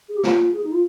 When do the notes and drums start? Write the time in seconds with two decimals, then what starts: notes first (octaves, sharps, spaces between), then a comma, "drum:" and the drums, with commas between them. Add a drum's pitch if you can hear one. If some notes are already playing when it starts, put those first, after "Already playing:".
0.08 G#4
0.16 G4
0.23 F4, drum: snare
0.52 G#4
0.63 D#4
0.72 F4